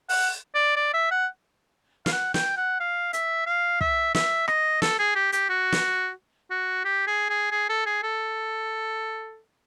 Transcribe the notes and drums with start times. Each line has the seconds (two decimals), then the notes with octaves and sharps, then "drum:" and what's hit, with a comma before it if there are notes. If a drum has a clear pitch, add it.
0.09 F#5, drum: open hi-hat
0.55 D5
0.76 D5
0.94 E5
1.11 F#5
2.06 F5, drum: snare
2.12 F#5
2.34 G5, drum: snare
2.57 F#5
2.80 F5
3.13 E5, drum: hi-hat
3.46 F5
3.81 E5, drum: kick
4.15 E5, drum: snare
4.48 D#5, drum: rim click
4.82 A4, drum: snare
4.99 G#4
5.15 G4
5.32 G4, drum: hi-hat
5.49 F#4
5.72 drum: snare
6.51 F#4
6.85 G4
7.07 G#4
7.30 G#4
7.51 G#4
7.69 A4
7.86 G#4
8.03 A4